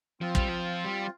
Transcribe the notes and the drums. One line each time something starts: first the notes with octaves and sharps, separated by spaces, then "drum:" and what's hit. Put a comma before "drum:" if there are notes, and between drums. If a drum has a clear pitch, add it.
F3 C4 F4
G3, drum: kick
F3
G3